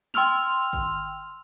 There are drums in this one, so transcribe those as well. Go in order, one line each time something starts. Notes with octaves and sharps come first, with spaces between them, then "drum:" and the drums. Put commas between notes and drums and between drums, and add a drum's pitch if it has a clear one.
G5 C6 E6 F6 F7, drum: snare
drum: kick G#1